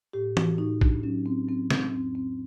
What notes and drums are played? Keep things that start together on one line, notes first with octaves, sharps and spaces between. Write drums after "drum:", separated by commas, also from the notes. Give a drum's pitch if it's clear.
A2 G4
F#4, drum: tom E3
A2 D#4
D4, drum: kick A#1
F#3 C#4
C4
F#3 C4
C4, drum: snare
F2 C4
C4